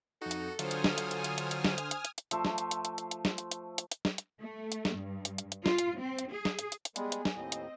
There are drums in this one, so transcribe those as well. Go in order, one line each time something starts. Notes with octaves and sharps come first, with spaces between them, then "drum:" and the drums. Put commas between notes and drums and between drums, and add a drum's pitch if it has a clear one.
F2 D#4 F#4 A4
drum: hi-hat
D3 F#3 F4 C5 G#5 D#6 F6, drum: hi-hat
drum: hi-hat
drum: snare
drum: hi-hat
drum: hi-hat
drum: hi-hat
drum: hi-hat
drum: hi-hat
drum: snare
drum: hi-hat
drum: hi-hat
drum: hi-hat
drum: hi-hat
F3 A3 E5 C6, drum: hi-hat
drum: snare
drum: hi-hat
drum: hi-hat
drum: hi-hat
drum: hi-hat
drum: hi-hat
drum: snare
drum: hi-hat
drum: hi-hat
drum: hi-hat
drum: hi-hat
drum: snare
drum: hi-hat
A3
drum: hi-hat
drum: snare
G2
drum: hi-hat
drum: hi-hat
drum: hi-hat
F4, drum: snare
drum: hi-hat
C4
drum: hi-hat
G#4
drum: snare
drum: hi-hat
drum: hi-hat
drum: hi-hat
G3 G#3 B3 G#4 G#5, drum: hi-hat
drum: hi-hat
drum: snare
D#2 A2 C4 D#5
drum: hi-hat